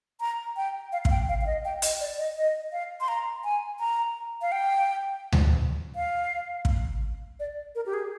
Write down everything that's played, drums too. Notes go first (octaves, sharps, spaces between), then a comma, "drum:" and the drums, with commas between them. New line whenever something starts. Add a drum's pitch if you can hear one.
A#5
G5
F5
F5, drum: kick
G5
F5
F5
D#5
G5
D#5, drum: hi-hat
D5
D#5
D#5
F5
C6
A#5
G#5
A#5
F5
G5
drum: tom D2
F5
drum: kick
D5
A#4
G4
G#4